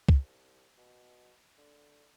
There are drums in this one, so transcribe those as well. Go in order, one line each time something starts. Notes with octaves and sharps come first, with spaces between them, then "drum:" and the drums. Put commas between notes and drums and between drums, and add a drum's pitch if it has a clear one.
C2, drum: kick
B2
D3